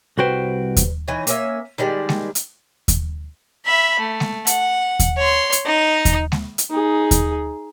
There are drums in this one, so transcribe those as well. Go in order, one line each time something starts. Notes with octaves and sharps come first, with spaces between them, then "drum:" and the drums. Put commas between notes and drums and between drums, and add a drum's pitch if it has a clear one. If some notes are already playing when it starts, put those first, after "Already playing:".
C2 G3 F#4 B4 C5 G5
drum: kick D#2, hi-hat
E3 D#4 C#5
A#3 C#4 E5, drum: hi-hat
D#3 G3 G#3 D4
drum: snare G#3
drum: hi-hat
drum: kick D#2, hi-hat
E5 B5
A3
drum: snare G#3
F#5, drum: hi-hat
drum: kick D#2, hi-hat
C#5 C6
drum: hi-hat
D#4 D#5
drum: kick D#2, hi-hat
drum: snare G#3
drum: hi-hat
D#4 G#4
drum: kick D#2, hi-hat